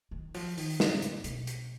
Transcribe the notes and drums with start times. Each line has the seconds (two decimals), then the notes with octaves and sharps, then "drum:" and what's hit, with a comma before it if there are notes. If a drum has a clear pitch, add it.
0.11 D#3
0.34 F3, drum: open hi-hat
0.57 D#3, drum: open hi-hat
0.80 C#3, drum: snare
1.02 A#2, drum: hi-hat
1.24 B2, drum: hi-hat
1.47 drum: hi-hat